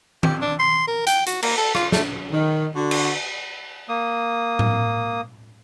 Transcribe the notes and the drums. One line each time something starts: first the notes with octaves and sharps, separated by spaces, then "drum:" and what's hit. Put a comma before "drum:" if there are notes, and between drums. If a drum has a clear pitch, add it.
G4, drum: tom D#3
D4
C6
A#4
G5, drum: hi-hat
F#4, drum: hi-hat
A#3, drum: cymbal
A4
F4, drum: rim click
A3, drum: snare
D#3
D3 F#4
drum: cymbal
A#3 D#6
drum: tom A2